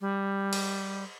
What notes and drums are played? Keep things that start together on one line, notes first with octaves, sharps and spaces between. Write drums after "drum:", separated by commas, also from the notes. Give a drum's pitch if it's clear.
G3
drum: cymbal